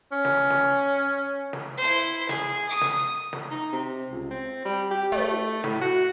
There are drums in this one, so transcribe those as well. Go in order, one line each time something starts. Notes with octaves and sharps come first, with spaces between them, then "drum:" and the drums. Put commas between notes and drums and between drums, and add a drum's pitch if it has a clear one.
C#4
drum: snare
drum: snare
drum: snare
E4 C5
G#4, drum: snare
D#6
drum: snare
drum: snare
D#4
C3
C#2
C4
G3
G4
A3, drum: tom
A2, drum: snare
F#4